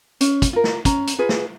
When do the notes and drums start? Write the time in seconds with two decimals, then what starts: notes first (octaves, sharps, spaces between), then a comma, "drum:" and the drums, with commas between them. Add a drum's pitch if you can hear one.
0.21 C#4, drum: hi-hat
0.42 drum: kick, hi-hat
0.53 F4 A#4
0.64 drum: snare
0.85 C#4 A#5, drum: kick, hi-hat
1.07 drum: hi-hat
1.18 F4 G#4 B4
1.29 drum: snare